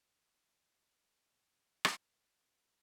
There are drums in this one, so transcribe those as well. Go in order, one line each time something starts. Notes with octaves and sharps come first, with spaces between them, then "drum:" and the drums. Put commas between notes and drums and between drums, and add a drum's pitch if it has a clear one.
C3 F3 G3 C#4 G#4 A#4
drum: rim click